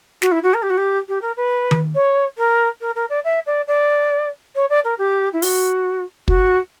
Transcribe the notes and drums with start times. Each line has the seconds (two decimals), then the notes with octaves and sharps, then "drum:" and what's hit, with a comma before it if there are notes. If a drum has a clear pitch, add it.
0.22 F#4, drum: snare
0.32 E4
0.43 F#4
0.54 A#4
0.62 G4
0.70 F#4
0.77 G4
1.08 G4
1.22 A#4
1.37 B4
1.71 drum: tom D#3
1.95 C#5
2.38 A#4
2.81 A#4
2.95 A#4
3.10 D5
3.24 E5
3.46 D5
3.67 D5
4.55 C#5
4.70 D5
4.84 A#4
4.98 G4
5.33 E4
5.42 F#4, drum: open hi-hat
6.28 F#4, drum: kick